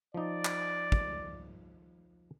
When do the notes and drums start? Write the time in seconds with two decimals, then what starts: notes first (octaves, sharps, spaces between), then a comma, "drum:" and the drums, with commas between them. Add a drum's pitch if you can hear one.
0.14 F3 D#4 D5
0.45 drum: clap
0.92 drum: kick